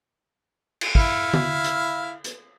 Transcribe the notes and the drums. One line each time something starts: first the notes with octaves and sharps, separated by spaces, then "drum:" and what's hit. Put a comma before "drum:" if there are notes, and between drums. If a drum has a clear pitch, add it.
drum: cymbal
E4 F5, drum: kick
drum: tom D3
drum: hi-hat
drum: hi-hat